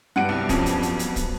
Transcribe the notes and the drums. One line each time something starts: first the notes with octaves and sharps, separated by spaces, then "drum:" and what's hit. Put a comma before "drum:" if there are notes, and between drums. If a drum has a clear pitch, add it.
G2 F#3 B3 F#5 F#6 D7
C2
F2 F3 C#4, drum: kick, hi-hat
drum: hi-hat
drum: hi-hat
drum: hi-hat
drum: kick, hi-hat